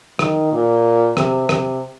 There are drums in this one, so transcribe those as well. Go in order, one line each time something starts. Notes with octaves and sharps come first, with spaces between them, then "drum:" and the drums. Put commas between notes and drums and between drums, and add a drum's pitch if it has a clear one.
D#3, drum: rim click
A#2
C3, drum: rim click
C3, drum: rim click